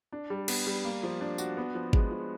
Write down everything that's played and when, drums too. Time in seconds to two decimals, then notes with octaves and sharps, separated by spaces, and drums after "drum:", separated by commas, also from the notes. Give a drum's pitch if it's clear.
0.12 D4
0.30 G3
0.48 B3, drum: cymbal
0.66 G3
0.85 A#3
1.03 F3
1.21 D4
1.38 F#4, drum: tambourine
1.57 B3
1.75 F3
1.93 G#3, drum: kick
2.11 F3